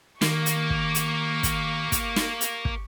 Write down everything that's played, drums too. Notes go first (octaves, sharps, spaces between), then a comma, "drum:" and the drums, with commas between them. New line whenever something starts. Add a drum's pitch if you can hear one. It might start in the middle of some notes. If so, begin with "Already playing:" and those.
D#3 A#3 G4 C#6, drum: snare
drum: hi-hat
drum: kick
drum: hi-hat
drum: kick, hi-hat
drum: kick, hi-hat
drum: snare
drum: hi-hat
drum: kick